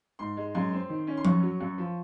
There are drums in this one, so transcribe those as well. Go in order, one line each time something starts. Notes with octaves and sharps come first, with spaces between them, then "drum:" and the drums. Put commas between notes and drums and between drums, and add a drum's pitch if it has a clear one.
G#2 C6
G#3
F#2 C6
C4
D#3
C#4
C6
F#2 C#6, drum: tom F3
F#3
F#2
F3